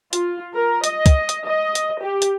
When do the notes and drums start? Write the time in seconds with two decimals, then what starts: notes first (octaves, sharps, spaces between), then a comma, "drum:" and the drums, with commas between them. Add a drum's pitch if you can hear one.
0.13 F4, drum: hi-hat
0.55 A#4
0.84 D#5, drum: hi-hat
1.06 drum: kick, hi-hat
1.29 drum: hi-hat
1.47 D#5
1.75 drum: hi-hat
2.02 G4
2.22 drum: hi-hat